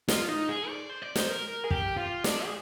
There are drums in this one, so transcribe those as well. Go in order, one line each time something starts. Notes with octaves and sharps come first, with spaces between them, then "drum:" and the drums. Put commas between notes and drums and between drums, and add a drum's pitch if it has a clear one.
F4, drum: snare
D#4
G#4
D5
C5
D5
C5, drum: snare
A#4
G#4
G4, drum: kick
F4
D4, drum: snare
G#4